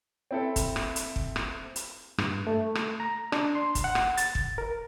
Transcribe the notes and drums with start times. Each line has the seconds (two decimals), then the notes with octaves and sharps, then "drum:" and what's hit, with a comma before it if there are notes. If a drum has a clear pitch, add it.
0.31 C4 E4 A4
0.56 drum: kick, hi-hat
0.76 drum: rim click
0.96 drum: hi-hat
1.16 drum: kick
1.36 drum: rim click
1.76 drum: hi-hat
2.18 G2, drum: rim click
2.47 A3
2.75 drum: rim click
3.00 A#5
3.32 D4, drum: rim click
3.55 C6
3.75 drum: kick, hi-hat
3.84 F#5
3.95 drum: rim click
4.17 A6, drum: hi-hat
4.35 drum: kick
4.58 A#4